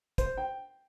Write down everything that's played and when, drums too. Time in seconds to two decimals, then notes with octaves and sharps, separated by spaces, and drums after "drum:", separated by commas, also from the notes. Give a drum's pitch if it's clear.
0.18 C5, drum: kick, hi-hat
0.38 G5